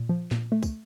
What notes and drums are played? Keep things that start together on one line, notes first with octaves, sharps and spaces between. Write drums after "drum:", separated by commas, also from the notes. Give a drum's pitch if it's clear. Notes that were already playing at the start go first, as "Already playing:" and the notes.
Already playing: A#2
F3
A#2, drum: snare
A3
drum: kick, tambourine